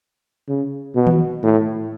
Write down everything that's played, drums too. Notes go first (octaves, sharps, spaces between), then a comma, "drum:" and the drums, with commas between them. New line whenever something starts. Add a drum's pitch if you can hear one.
C#3
B2
drum: tom D#3
A2